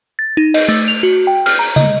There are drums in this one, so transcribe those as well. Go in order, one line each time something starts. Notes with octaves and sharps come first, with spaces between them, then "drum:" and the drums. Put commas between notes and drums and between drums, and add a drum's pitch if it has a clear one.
A6
D#4
D#5, drum: cymbal
A3, drum: tambourine
F7
F#4
G5
F6, drum: cymbal
A#5
D#5, drum: tom C#3